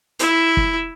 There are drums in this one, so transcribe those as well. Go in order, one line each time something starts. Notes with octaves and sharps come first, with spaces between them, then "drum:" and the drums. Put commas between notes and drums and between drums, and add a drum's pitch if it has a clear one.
E4, drum: hi-hat
drum: kick